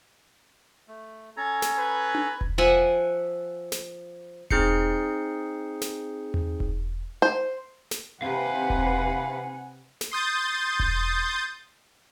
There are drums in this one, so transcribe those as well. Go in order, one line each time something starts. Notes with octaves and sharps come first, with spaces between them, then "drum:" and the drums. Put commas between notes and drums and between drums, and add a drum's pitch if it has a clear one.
A3
C#4 A4 A#5 G#6
drum: snare
B4
drum: tom D4
drum: kick E1
F3 E5 F#5 G#5
drum: snare
C4 D#4 G#4 G6 C7 C#7, drum: kick E1
drum: snare
drum: tom E2
drum: kick E1
C5
drum: snare
C3 B4 F5 F#5 G#5
drum: kick E1
drum: snare
C6 D#6 G6 A6
drum: kick E1